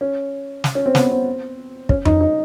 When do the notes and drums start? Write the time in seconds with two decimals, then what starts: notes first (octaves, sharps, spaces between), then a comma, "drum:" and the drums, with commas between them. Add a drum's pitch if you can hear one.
0.01 C#4
0.64 drum: snare
0.75 C#4
0.86 C4
0.95 B3, drum: snare
1.12 C4
1.89 C#4, drum: kick
2.05 D#4, drum: tom F2
2.21 D#4